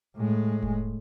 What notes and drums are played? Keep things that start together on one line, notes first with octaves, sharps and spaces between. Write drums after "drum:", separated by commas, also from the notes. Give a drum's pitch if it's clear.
A2 G#3
drum: kick F1